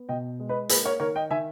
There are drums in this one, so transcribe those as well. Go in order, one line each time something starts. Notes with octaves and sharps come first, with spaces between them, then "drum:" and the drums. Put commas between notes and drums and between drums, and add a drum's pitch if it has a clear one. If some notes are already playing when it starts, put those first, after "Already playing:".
Already playing: B3
B2 D#5 G5
G#3
B4 D#5
A#3 G#4 B4, drum: hi-hat
A#4 C#5
D#3 A#4 C#5
D#5 G5
D#3 E5 G#5